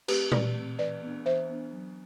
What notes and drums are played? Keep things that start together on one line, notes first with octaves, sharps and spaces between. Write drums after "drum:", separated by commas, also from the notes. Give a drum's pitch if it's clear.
A3 C4 G4 B4, drum: cymbal
E3 B4 D5, drum: tom A#2
A3 C4
E3 B4 D5
B3 D4
E3 C5 E5
B3 D4
F#3